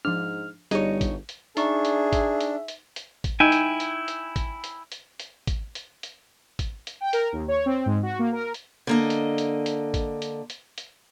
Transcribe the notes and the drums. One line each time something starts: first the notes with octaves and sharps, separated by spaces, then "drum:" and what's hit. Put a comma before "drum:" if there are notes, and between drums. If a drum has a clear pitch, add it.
G#2 F3 D4 F6
G1 G3 D#4 G#4 C#5, drum: hi-hat
drum: kick, hi-hat
drum: hi-hat
D4 D#4 G#4 E5 C#6, drum: hi-hat
drum: hi-hat
drum: kick, hi-hat
drum: hi-hat
drum: hi-hat
drum: hi-hat
drum: kick, hi-hat
D#4 E4 G5 G#5
drum: hi-hat
drum: hi-hat
drum: hi-hat
drum: kick, hi-hat
drum: hi-hat
drum: hi-hat
drum: hi-hat
drum: kick, hi-hat
drum: hi-hat
drum: hi-hat
drum: kick, hi-hat
drum: hi-hat
G5
A#4, drum: hi-hat
D#2
C#5
C4
G#2
F#4
A#3
A#4
drum: hi-hat
D3 A#3 D#5
drum: hi-hat
drum: hi-hat
drum: hi-hat
drum: kick, hi-hat
drum: hi-hat
drum: hi-hat
drum: hi-hat